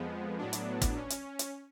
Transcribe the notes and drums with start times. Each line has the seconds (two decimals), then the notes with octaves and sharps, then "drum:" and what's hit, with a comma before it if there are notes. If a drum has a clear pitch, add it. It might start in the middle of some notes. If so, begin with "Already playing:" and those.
Already playing: F2 F3 G#3 B3
0.38 A2 F#3 B3 D4
0.53 drum: hi-hat
0.82 drum: kick, hi-hat
0.96 C#4
1.10 drum: hi-hat
1.39 drum: hi-hat